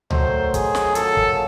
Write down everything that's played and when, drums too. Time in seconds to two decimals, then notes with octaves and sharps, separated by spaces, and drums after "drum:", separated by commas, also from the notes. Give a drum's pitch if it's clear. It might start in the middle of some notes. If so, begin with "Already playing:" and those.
0.10 D#3 F#3 A3 C5, drum: tom C#2
0.54 G#4, drum: kick, hi-hat
0.75 drum: snare
0.95 A#2 F#3 A#3 C#4 A4, drum: hi-hat
1.17 drum: kick